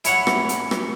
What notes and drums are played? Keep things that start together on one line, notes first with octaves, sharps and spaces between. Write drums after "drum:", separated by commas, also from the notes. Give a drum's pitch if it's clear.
E4 C#5 F#5, drum: hi-hat
drum: rim click
drum: hi-hat
drum: rim click